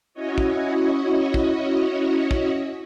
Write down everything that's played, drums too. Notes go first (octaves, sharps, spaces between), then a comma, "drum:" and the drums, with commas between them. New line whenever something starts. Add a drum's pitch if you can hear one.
C#4 E4 F#4 C#5 D#5
drum: kick
drum: kick
drum: kick